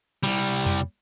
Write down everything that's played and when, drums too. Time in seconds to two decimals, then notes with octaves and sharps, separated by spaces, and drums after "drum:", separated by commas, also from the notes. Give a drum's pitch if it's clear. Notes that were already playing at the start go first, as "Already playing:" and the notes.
0.23 C2 G3, drum: hi-hat
0.38 drum: snare
0.52 drum: hi-hat
0.66 drum: tom F2